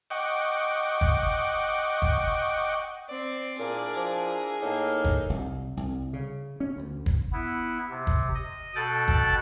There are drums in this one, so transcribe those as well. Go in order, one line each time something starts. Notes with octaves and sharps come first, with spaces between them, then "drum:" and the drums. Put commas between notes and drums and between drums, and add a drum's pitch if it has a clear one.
D#5 F#5 G5 C#6 D6
drum: kick
drum: kick
C4 D5
A#2 D4 E4 G#4 A#4
F3
A2 A#3 D#4 A4
drum: kick
C2
C2
C#3
C#4
D2
drum: kick
B3 E4
C3
drum: kick
D#5
B2 A4 G5 F#6 A6
drum: kick